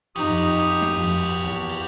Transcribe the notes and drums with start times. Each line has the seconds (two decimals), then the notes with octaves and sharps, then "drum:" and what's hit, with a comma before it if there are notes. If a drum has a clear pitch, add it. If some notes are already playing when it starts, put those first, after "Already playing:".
0.16 F2 D#4 G4 C#6 D#6, drum: cymbal
0.38 drum: cymbal
0.60 drum: cymbal
0.82 drum: snare
0.94 F2
1.04 drum: cymbal
1.26 drum: cymbal
1.42 E2
1.70 drum: cymbal